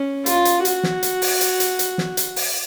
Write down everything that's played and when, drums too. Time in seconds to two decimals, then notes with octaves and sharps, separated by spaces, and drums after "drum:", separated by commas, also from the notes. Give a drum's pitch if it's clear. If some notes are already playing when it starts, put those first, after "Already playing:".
Already playing: C#4
0.26 F4, drum: hi-hat
0.45 drum: hi-hat
0.65 F#4, drum: hi-hat
0.83 drum: snare
1.03 drum: hi-hat
1.22 drum: open hi-hat
1.41 drum: hi-hat
1.60 drum: hi-hat
1.79 drum: hi-hat
1.98 drum: snare
2.17 drum: hi-hat
2.36 drum: open hi-hat